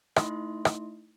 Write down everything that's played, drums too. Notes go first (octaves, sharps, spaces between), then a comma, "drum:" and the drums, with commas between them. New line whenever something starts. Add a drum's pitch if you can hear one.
A3 D#4 E4 E5 C6, drum: rim click
drum: rim click